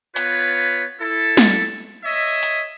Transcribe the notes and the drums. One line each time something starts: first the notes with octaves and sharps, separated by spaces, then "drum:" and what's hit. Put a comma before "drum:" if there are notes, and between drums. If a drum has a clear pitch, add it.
B3 F4 B4 C#5, drum: hi-hat
E4 A4
drum: snare
C#5 D#5 E5
drum: hi-hat